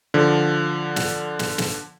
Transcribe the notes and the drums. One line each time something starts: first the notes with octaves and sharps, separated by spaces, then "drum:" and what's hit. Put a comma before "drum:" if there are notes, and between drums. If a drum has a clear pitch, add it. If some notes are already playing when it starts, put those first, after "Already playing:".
D3 F3
drum: snare
drum: snare
drum: snare